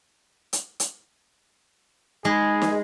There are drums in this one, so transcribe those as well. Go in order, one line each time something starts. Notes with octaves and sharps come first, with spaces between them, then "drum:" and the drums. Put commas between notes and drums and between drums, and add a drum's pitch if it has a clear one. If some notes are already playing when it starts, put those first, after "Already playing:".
drum: hi-hat
drum: hi-hat
G#3 D#4 G#4 B5
drum: snare